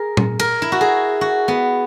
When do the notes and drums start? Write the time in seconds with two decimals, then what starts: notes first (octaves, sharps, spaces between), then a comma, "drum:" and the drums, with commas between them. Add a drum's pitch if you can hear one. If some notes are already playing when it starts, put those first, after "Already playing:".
Already playing: G#4 A#4
0.17 drum: tom A#2
0.40 A#4, drum: cymbal
0.62 E4
0.72 F#4
0.81 G#4
1.21 F#4
1.48 B3